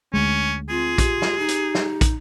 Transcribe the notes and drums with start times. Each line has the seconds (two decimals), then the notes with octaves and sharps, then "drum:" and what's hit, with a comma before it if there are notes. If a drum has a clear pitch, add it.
0.14 D2 G#3 C#4
0.69 C4 F4 G#4
0.98 G4, drum: kick, hi-hat
1.22 drum: snare
1.39 D#4
1.48 drum: hi-hat
1.75 drum: snare
2.01 drum: kick, hi-hat